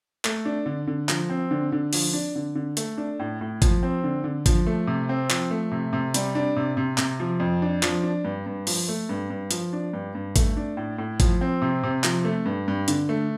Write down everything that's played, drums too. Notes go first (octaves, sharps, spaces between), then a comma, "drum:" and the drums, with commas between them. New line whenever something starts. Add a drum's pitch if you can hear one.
A3, drum: clap
D4
D3
D3
F3, drum: clap
C4
D3
D3
F3, drum: open hi-hat
D4
D3
D3
A3, drum: hi-hat
D4
A2
A2
F3, drum: kick, hi-hat
C4
D3
D3
F3, drum: kick, hi-hat
A3
C3
C4
F3, drum: clap
A3
C3
C3
G3, drum: hi-hat
D4
C3
C3
C3, drum: clap
F3
F2
D4
F3, drum: clap
D4
G2
G2
F3, drum: open hi-hat
A3
G2
G2
F3, drum: hi-hat
D4
G2
G2
A3, drum: kick, hi-hat
D4
A2
A2
F3, drum: kick, hi-hat
C4
C3
C3
F3, drum: clap
A3
G2
G2
D3, drum: hi-hat
A3